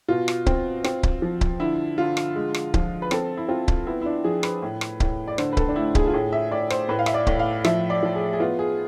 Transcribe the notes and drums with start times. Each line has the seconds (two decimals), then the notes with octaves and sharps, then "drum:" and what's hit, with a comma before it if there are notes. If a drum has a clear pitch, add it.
0.08 B2 F4
0.28 drum: rim click
0.46 C4, drum: kick C#1
0.84 C4, drum: rim click
1.03 drum: kick C#1
1.22 F3
1.41 drum: kick C#1
1.60 D3 E4
1.98 D3 F4
2.17 drum: rim click
2.36 G#3
2.54 drum: rim click
2.74 F3, drum: kick C#1
3.02 B4
3.11 C4 A4, drum: rim click
3.37 E4
3.48 C4 F4
3.68 drum: kick C#1
3.87 B3 E4
4.01 E4
4.06 D4
4.24 F3 G#4
4.43 B4, drum: rim click
4.62 A2
4.81 drum: rim click
5.00 A2, drum: kick C#1
5.28 D5
5.38 D3 C5, drum: rim click
5.53 B4
5.57 A4, drum: kick C#1
5.68 D4
5.75 A3 E4
5.95 G#4, drum: kick C#1
6.07 F4
6.13 A2 G#4
6.32 E5
6.51 A2 D5
6.70 C5, drum: rim click
6.89 A2 B4
6.99 F5
7.06 E5, drum: rim click
7.14 D5
7.27 A2, drum: kick C#1
7.39 F5
7.64 F3 E5, drum: rim click
7.90 D5
8.03 F3
8.15 G#4
8.33 G#4
8.40 B3 F4
8.59 G#4